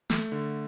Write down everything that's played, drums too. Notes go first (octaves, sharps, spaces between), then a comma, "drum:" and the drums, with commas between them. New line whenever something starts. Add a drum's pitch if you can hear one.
A3, drum: snare
D3